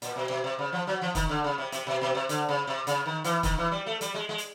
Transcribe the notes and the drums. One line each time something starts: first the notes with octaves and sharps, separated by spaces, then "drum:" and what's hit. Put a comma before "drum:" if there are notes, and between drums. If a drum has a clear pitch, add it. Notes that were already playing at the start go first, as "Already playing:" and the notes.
A#2, drum: hi-hat
B2
B2
C3
C#3
F3
F#3
F3
D#3, drum: kick, hi-hat
D3
C#3
C3
C3, drum: hi-hat
B2
B2
C3
D3, drum: hi-hat
C#3
C3
C#3, drum: hi-hat
D#3
E3, drum: hi-hat
D#3, drum: kick, hi-hat
E3
G3
A3
G3, drum: hi-hat
G#3
G#3
drum: hi-hat